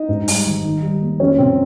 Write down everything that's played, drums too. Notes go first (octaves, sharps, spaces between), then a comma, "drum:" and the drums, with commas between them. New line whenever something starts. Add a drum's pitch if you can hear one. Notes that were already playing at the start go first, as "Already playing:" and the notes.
Already playing: D#4 D#5
G#2
G3, drum: open hi-hat
G#1
D#3
G3
A#3
F2 C#4 C#5
C3 C4 C5